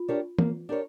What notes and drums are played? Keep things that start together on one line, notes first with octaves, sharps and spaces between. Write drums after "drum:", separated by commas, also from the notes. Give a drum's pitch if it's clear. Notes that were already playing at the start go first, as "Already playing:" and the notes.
Already playing: F4
D4 G4 A#4 C#5
A#3, drum: tom E3
D4 G4 A#4 C#5